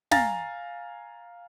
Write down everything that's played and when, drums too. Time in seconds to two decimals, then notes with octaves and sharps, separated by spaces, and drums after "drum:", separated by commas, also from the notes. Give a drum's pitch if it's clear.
0.11 F5 G#5 A#5 A6 A#6, drum: snare